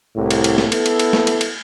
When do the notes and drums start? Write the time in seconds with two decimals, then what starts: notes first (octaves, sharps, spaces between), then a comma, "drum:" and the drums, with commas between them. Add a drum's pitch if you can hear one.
0.16 C2 A2
0.31 drum: cymbal
0.44 drum: cymbal
0.58 drum: snare
0.72 B3 E4 A4, drum: cymbal
0.86 drum: cymbal
0.99 drum: cymbal
1.13 drum: snare
1.27 drum: cymbal
1.41 drum: cymbal